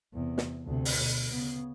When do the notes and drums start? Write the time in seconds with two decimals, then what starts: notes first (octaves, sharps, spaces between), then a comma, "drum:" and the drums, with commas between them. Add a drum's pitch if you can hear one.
0.14 E2 C3
0.38 drum: snare
0.66 D2 C3
0.85 drum: open hi-hat
0.97 B2
1.32 C#3 B3